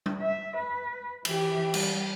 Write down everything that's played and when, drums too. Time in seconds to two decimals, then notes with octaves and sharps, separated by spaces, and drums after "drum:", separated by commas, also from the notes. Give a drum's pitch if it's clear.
0.06 drum: tom G3
0.21 E5
0.57 B4
1.25 E3 G4, drum: cymbal
1.74 G3, drum: cymbal